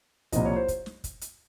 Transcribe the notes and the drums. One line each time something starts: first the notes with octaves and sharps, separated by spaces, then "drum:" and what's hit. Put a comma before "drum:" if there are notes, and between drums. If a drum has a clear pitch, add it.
C2 A#2 F3 D#5, drum: kick, hi-hat
C#5
C5
drum: kick, hi-hat
drum: snare
drum: kick, hi-hat
drum: hi-hat